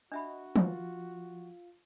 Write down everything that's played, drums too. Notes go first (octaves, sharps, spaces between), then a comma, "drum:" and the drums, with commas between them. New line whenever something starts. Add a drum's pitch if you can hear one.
D4 F#4 D#5 E5 B5
F3 F4, drum: tom